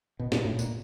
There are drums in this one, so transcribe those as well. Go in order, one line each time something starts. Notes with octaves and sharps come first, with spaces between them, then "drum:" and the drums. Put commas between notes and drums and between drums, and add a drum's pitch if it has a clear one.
B2
A#2, drum: snare
A2
A#2, drum: tambourine